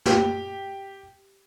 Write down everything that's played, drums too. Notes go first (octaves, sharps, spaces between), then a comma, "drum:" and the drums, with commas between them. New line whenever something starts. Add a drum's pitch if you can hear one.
G4, drum: snare